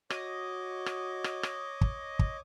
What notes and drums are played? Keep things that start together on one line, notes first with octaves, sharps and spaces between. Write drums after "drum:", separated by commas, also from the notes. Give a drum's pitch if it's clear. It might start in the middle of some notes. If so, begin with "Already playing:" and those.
F#4 C#5 D#5 D6, drum: rim click
drum: rim click
drum: rim click
drum: rim click
drum: kick
drum: kick